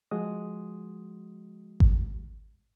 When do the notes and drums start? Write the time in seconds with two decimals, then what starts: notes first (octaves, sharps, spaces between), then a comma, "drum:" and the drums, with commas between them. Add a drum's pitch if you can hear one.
0.11 F3 G#3 F#4 D#6
1.80 drum: kick G#1